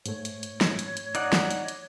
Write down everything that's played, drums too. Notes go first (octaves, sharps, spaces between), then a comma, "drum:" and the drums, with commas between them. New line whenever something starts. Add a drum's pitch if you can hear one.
G#2 A3 C#5, drum: hi-hat
drum: hi-hat
drum: hi-hat
drum: snare
drum: hi-hat
drum: hi-hat
D#4 D5 F#5, drum: hi-hat
drum: snare
drum: hi-hat
drum: hi-hat